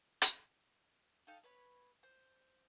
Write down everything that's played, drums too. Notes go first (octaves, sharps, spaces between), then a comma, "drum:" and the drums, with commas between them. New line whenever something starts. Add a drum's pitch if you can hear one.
drum: hi-hat
D#4 A4 F5 G5
B4 C#5 B5
C5